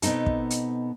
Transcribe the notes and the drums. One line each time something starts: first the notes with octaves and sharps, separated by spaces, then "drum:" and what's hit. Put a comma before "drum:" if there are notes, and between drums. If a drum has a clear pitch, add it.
B2 B3 C4 D#4 A4, drum: hi-hat
drum: kick
drum: hi-hat